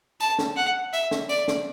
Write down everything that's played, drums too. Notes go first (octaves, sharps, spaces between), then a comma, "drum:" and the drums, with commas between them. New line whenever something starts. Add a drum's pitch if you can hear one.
A5, drum: tambourine
drum: snare
F#5
E5, drum: tambourine
drum: snare
D5, drum: tambourine
drum: snare